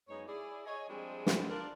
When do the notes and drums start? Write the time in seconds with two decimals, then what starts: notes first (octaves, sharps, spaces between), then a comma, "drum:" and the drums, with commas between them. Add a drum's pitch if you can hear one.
0.08 F#2 G#3 B3 D#4 C#5
0.27 E4 G#4 D5
0.65 G#4 C#5 D#5
0.88 F3 G3 G#3 C4 D4 G#4
1.26 drum: snare
1.49 D4 F4 A#4